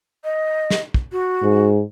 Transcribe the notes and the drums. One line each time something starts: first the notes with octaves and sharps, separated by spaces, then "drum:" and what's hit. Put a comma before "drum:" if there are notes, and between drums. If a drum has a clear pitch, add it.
D#5
drum: snare
drum: kick
F#4
G#2